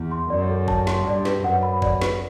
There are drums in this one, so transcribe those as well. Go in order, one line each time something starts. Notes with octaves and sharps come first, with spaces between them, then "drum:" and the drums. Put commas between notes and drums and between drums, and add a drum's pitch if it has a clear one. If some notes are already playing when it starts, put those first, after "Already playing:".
Already playing: E2
C6
F#2 D5
A4
A5, drum: kick G1
C6, drum: snare
G2 D5
B4, drum: snare
F#2 F#5
B5
D5, drum: kick G1
B4, drum: snare